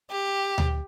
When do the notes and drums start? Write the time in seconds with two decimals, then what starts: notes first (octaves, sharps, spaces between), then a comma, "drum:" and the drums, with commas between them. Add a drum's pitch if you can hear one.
0.11 G4
0.58 drum: tom D2